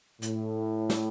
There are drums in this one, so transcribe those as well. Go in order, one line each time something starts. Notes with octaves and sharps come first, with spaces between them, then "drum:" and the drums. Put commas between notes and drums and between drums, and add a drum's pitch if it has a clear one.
A2, drum: hi-hat
drum: snare